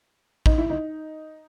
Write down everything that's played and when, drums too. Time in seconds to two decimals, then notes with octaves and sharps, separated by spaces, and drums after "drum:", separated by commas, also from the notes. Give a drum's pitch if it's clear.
0.46 D#4, drum: kick
0.58 E4
0.70 D#4